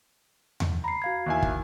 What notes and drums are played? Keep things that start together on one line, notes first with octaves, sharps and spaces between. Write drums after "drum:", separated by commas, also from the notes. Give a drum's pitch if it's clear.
drum: tom E2
A#5 B5 C7
F#4 F5 G#6
D#2 E4 G#5
drum: kick